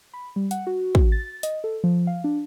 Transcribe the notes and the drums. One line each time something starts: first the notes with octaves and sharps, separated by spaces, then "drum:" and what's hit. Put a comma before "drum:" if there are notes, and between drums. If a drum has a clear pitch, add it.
B5
G3
F#5, drum: hi-hat
F#4
drum: kick
A6
D#5, drum: hi-hat
A4
F3
F5
D4